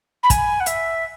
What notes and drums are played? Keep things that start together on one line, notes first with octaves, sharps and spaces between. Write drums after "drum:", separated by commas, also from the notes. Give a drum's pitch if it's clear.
B5
G#5, drum: kick, hi-hat
F#5
E5, drum: hi-hat